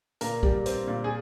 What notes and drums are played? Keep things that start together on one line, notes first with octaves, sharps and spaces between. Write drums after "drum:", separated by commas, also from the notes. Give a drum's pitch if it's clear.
A#2 A#4, drum: hi-hat
G3, drum: kick
C4, drum: hi-hat
A#2
G#4